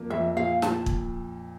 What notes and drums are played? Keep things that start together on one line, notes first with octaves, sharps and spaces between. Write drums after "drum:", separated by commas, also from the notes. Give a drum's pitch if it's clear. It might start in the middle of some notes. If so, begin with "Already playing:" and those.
Already playing: F2 F3 A#3
F2 E5
A#2 F5
A#2 A5, drum: snare
drum: kick